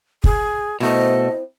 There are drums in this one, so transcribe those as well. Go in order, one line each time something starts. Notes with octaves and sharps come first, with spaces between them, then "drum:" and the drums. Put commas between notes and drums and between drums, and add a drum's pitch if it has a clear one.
G#4, drum: kick
B2 A3 C4 E4 D#5